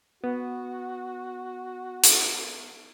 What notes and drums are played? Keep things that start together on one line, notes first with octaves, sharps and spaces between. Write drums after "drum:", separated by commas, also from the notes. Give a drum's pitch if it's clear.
B3 F#4
drum: hi-hat